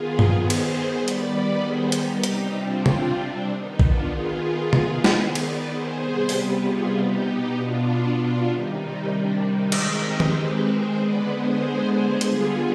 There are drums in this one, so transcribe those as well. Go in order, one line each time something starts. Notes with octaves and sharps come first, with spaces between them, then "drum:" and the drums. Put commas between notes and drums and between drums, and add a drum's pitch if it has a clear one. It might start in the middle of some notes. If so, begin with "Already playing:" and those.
Already playing: D#3 B3 F4 G#4
drum: tom G2
G#4 C5
drum: cymbal
D#3 G3 B3 B4 D5
drum: hi-hat
G#4 C5
D#4 G4, drum: hi-hat
C3 G3 C4, drum: hi-hat
D4 F4
drum: tom C3
D4
D#3 B3 D#4
D4 F4, drum: kick A1
F4 G#4
D#3 B3, drum: tom C3
G#4 C5, drum: snare G#3
B4 D5, drum: cymbal
G#4 C5
C3 G3 B3
G4 B4, drum: open hi-hat
F4 G#4
D#4 G4
B2 B3
D4 F4
D4 F4
C3 D#3 G3 D#4
D#4
D4
D#4
D#3 G#3 C4, drum: cymbal
D#4 G4
drum: tom D#3
G4 B4
G#4 C5
D3 G#3 B3 B4 D5
G#4 C5
G#4 C5
D3 G3 B3 F4 G#4, drum: hi-hat